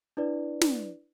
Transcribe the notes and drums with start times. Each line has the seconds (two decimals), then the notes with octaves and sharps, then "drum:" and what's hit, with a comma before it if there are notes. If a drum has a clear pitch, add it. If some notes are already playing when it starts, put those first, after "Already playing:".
0.17 D4 E4 B4 D5
0.61 drum: snare